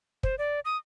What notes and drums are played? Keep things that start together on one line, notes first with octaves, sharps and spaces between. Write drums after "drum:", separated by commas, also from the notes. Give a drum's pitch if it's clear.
C5, drum: kick
D5
D#6